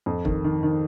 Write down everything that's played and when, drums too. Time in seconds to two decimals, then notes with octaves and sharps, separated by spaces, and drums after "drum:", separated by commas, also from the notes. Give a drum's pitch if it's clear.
0.06 F2
0.25 D#3, drum: kick
0.44 D#3
0.63 D#3